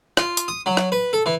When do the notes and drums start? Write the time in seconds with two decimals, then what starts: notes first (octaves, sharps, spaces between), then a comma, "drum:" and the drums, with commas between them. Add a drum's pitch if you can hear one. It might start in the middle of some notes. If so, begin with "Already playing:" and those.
0.17 F4, drum: rim click
0.37 drum: hi-hat
0.48 D#6
0.66 F#3
0.77 drum: rim click
0.92 B4
1.13 A4
1.26 E3